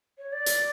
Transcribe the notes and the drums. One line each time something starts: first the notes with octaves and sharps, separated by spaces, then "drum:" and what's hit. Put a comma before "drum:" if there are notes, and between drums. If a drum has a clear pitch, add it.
C#5
D5
drum: hi-hat